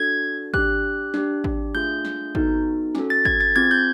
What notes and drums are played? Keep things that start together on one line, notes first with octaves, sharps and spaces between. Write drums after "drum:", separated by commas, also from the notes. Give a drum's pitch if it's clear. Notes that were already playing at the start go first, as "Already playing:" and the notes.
Already playing: D4 F#4 A4 G#6
D4 G4 F#6, drum: kick G#1
D4 G4, drum: snare
drum: kick G#1
A3 D4 F4 G#4 G6
drum: snare
B3 D#4 F#4 A4, drum: kick G#1
C#4 F#4 A4, drum: snare
A6
G#6, drum: kick G#1
A6
C4 F4 G#4 G#6
G6